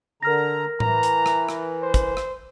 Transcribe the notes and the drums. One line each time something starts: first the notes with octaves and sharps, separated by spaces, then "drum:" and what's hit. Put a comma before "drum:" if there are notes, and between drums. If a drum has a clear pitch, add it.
D3 A#4 A#5 F6 A#6
E3 A#5, drum: tom A2
drum: hi-hat
drum: rim click
drum: rim click
C5
drum: kick, hi-hat
drum: rim click